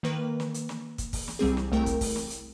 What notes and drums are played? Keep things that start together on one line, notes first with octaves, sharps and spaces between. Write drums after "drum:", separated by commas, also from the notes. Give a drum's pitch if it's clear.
D#3 A#3 B4
drum: snare
drum: hi-hat
drum: snare
drum: kick, hi-hat
drum: kick, open hi-hat
drum: snare
C2 G3 C4 G#4
drum: snare
C2 A3 A#4 G5
drum: kick, hi-hat
drum: kick, open hi-hat
drum: snare
drum: hi-hat